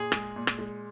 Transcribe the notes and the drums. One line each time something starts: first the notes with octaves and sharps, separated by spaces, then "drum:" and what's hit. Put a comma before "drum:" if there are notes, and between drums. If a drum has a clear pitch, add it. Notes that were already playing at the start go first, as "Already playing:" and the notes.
Already playing: A#2 G#4
G#3, drum: rim click
A#2
drum: rim click
G#3